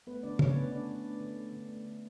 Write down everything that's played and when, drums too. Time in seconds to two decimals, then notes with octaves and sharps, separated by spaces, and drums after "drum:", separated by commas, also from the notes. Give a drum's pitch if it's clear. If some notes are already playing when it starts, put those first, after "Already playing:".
0.07 A3 B3 B4
0.23 D3 D4 D5
0.39 A3 C#4 C#5, drum: tom
0.55 D3 B3 B4
0.72 A3 D4 D5
0.87 D3
1.04 A3
1.21 D3
1.36 A3
1.52 D3
1.68 A3
1.85 D3